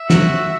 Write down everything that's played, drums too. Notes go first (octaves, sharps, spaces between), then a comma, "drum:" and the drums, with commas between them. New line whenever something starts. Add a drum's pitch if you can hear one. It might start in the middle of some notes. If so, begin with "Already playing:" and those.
Already playing: E5
F#4, drum: snare